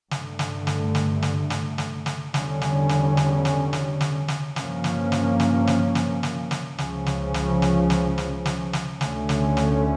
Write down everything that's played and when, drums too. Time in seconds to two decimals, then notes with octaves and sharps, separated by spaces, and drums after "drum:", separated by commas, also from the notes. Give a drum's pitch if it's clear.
0.11 G2 D3 A3, drum: snare
0.39 drum: snare
0.67 drum: snare
0.95 drum: snare
1.22 drum: snare
1.50 drum: snare
1.78 drum: snare
2.06 drum: snare
2.34 E2 D3 G3 C#4, drum: snare
2.62 drum: snare
2.89 drum: snare
3.17 drum: snare
3.45 drum: snare
3.73 drum: snare
4.01 drum: snare
4.28 drum: snare
4.56 G2 F3 A#3 C#4, drum: snare
4.84 drum: snare
5.12 drum: snare
5.40 drum: snare
5.67 drum: snare
5.95 drum: snare
6.23 drum: snare
6.51 drum: snare
6.78 C#2 C#3 F3 C#4, drum: snare
7.06 drum: snare
7.34 drum: snare
7.62 drum: snare
7.90 drum: snare
8.18 drum: snare
8.46 drum: snare
8.73 drum: snare
9.01 D2 D3 A3 C#4, drum: snare
9.29 drum: snare
9.57 drum: snare